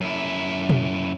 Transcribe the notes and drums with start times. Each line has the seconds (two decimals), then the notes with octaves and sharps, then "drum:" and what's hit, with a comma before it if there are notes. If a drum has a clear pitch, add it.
0.01 F#2 E4
0.69 drum: tom